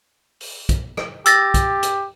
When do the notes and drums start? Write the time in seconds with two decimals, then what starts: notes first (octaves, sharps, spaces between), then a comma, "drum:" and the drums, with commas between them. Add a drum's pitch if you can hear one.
0.41 drum: open hi-hat
0.69 drum: kick, hi-hat
0.97 drum: rim click
1.26 G4 E6 A6 A#6, drum: hi-hat
1.54 drum: kick, hi-hat
1.83 drum: hi-hat